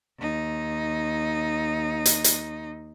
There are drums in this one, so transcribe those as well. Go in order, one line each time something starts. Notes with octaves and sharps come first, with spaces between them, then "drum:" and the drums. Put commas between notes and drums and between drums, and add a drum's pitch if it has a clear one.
D#2 D#4
drum: hi-hat
drum: hi-hat